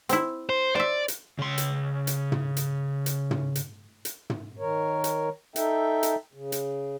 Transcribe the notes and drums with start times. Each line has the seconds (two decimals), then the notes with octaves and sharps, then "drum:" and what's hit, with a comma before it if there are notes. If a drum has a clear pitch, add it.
0.09 C4 E4, drum: hi-hat
0.49 C5
0.75 C5 D5 E5
1.08 drum: hi-hat
1.39 C#3 C6
1.58 drum: hi-hat
2.07 drum: hi-hat
2.32 drum: tom
2.57 drum: hi-hat
3.06 drum: hi-hat
3.31 drum: tom
3.55 drum: hi-hat
4.05 drum: hi-hat
4.30 drum: tom
4.59 D#3 A#4 C#5
5.04 drum: hi-hat
5.56 D#4 A4 E5 G5, drum: hi-hat
6.03 drum: hi-hat
6.34 C#3
6.52 drum: hi-hat